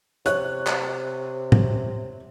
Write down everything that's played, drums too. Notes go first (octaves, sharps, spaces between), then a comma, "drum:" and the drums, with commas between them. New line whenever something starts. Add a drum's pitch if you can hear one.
C3 C#5 F#6, drum: hi-hat
drum: clap
drum: tom